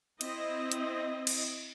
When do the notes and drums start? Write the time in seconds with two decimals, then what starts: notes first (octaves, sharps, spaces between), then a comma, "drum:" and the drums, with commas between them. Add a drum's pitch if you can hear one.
0.21 C4 E4 D#5, drum: cymbal
0.72 drum: hi-hat
1.27 drum: cymbal